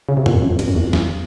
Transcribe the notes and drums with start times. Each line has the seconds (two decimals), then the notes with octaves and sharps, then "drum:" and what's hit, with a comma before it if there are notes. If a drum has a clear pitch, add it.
0.09 C#3
0.17 C3
0.26 A#2, drum: tom G2
0.34 F2
0.42 F#2
0.50 F2
0.59 G2, drum: cymbal
0.68 F#2
0.75 E2
0.84 F2
0.93 E2, drum: snare